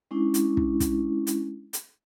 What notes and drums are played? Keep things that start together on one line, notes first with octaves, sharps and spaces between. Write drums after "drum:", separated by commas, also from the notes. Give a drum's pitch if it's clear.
G#3 C#4 D4 E4
drum: hi-hat
drum: kick
drum: kick, hi-hat
drum: hi-hat
drum: hi-hat